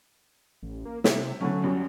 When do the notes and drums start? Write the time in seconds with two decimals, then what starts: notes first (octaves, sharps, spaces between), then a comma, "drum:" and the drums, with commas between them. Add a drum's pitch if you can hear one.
0.62 A1
0.85 A#3
1.04 C3 E5, drum: snare
1.41 D3 F#3 A3 C#4
1.64 F#2 G3